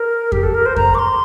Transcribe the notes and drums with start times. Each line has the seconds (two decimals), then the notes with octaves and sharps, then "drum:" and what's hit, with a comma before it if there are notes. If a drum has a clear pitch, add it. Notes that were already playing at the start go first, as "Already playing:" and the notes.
Already playing: A#4
0.32 G4, drum: kick F2
0.43 A4
0.55 A#4
0.66 C5
0.76 A#5, drum: kick F2
0.95 D6
0.99 C6